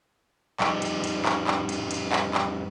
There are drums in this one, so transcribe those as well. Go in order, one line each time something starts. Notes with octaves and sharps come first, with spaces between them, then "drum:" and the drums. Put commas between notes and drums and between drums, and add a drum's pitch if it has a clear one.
F2 G3 D#4, drum: clap
drum: cymbal
drum: cymbal
drum: clap
drum: clap
drum: cymbal
drum: cymbal
drum: clap
drum: clap